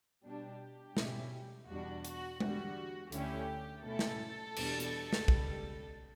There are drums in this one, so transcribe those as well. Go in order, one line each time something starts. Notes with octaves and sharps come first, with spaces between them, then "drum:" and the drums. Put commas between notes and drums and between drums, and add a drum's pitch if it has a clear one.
B2 G3 D4 G4
B2 G3 C#4 E4, drum: snare
E2 B2 G3 D4 F#4
F#4, drum: hi-hat
E2 D3 G3 F#4, drum: tom G#3
D2 D3 A3 C#4 E4 G4, drum: hi-hat
B2 A3 C#4 E4 A4
drum: snare
E2 B2 G3 D4, drum: cymbal
drum: hi-hat
drum: snare
C#2 B2 G3, drum: kick